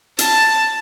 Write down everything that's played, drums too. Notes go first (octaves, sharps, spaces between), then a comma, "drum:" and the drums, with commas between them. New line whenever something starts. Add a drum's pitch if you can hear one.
A5, drum: hi-hat